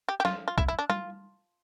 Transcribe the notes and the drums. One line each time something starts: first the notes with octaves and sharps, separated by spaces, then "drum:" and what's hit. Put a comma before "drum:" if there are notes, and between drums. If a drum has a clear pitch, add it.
G4
G4
F4, drum: snare
F4
E4, drum: kick
E4
D4
F4, drum: tom